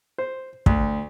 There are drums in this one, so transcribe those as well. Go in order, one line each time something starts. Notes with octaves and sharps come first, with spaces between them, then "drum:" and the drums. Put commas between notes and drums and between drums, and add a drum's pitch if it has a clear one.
C5
D2, drum: kick